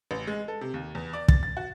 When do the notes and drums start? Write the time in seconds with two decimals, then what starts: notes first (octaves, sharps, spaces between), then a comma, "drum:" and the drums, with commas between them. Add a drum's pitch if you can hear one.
0.11 A1
0.27 G#3
0.48 A4
0.61 C3
0.74 D#2
0.95 E2
1.13 D5
1.28 A6, drum: kick
1.43 A6
1.57 F#4